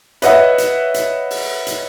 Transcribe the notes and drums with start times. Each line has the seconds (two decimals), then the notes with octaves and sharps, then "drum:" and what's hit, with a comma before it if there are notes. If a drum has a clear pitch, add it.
0.22 B4 C#5 D#5 E5 F#5, drum: hi-hat
0.58 drum: hi-hat
0.94 drum: hi-hat
1.30 drum: open hi-hat
1.67 drum: hi-hat